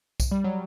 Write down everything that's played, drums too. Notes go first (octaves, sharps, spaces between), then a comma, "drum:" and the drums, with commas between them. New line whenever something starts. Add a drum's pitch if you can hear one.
drum: kick B1, tambourine
G3
F#3